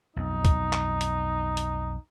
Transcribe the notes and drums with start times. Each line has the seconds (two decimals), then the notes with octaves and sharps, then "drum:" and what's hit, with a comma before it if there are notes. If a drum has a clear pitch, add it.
0.16 B1 F2 D#4
0.45 drum: kick C#2, hi-hat
0.73 drum: clap
1.01 drum: hi-hat
1.57 drum: hi-hat